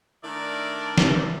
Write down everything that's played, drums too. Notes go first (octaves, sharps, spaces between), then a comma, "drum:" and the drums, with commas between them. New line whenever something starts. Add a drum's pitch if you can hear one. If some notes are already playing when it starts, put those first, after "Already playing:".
D#3 A3 D4 E4 A#4 D5
drum: snare